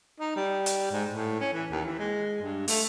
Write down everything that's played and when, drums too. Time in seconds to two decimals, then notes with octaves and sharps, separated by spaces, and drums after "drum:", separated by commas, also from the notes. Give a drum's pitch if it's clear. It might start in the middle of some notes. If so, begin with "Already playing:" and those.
0.20 D#4
0.36 G3
0.66 drum: hi-hat
0.92 G#2
1.09 A2
1.41 C#4
1.53 E3
1.71 D#2
1.85 E3
1.99 G#3
2.42 G2
2.68 A3, drum: open hi-hat